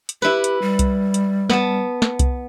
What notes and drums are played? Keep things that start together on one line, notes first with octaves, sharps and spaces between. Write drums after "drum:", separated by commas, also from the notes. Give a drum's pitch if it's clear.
drum: hi-hat
E4 G4 B4
drum: hi-hat
G3
drum: kick C2, hi-hat
drum: hi-hat
B3 A5, drum: snare
drum: snare
drum: kick C2, hi-hat